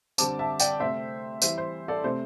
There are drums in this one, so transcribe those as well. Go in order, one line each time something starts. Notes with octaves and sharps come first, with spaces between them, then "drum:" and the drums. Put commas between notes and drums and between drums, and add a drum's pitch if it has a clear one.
D3 G3 C4 A5 D6, drum: tambourine
E5 A5
D5 G5, drum: tambourine
C3 A3 C4 C5 E5
E3 G3 C4 C5 E5, drum: tambourine
C5
A4 D5
C3 A3 C4 C5